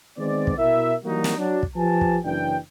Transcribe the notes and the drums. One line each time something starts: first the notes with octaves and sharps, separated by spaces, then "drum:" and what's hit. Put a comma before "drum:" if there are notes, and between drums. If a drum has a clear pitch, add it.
D#3 G#3 B3 C4 D5
drum: kick
B2 E4 A#4 E5
E3 F#3 G3 A#3 D#4 F#4
drum: snare
F#3 D4
drum: kick
F3 G4 B4 G#5 A5
drum: kick
F#1 F#2 E3 D4 G5